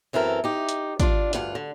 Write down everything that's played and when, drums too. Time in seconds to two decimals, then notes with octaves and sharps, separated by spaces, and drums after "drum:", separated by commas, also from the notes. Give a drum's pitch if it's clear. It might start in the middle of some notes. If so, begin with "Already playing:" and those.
0.13 F#2 E3 C4 A4 A#4
0.44 D#4 G4
0.69 drum: hi-hat
1.00 D4 F4, drum: kick, hi-hat
1.33 D2 G2 F4 F#5, drum: hi-hat
1.55 D3